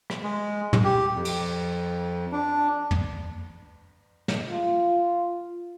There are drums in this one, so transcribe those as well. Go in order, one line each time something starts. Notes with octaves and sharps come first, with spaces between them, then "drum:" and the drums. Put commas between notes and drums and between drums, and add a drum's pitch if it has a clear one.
drum: rim click
G#3
drum: tom
G4
F2
drum: cymbal
D4
drum: tom
drum: snare
F4